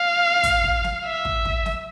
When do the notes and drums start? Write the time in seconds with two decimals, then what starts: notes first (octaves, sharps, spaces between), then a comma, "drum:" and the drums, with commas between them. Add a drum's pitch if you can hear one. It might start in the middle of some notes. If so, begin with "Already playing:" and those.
Already playing: F5
0.43 drum: kick, hi-hat
0.64 drum: kick
0.84 drum: snare
1.05 E5
1.25 drum: kick
1.45 drum: kick
1.66 drum: snare